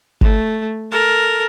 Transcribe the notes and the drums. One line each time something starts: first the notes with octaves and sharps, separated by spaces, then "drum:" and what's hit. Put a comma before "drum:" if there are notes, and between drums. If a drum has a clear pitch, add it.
A3, drum: kick G#1
A4 A#4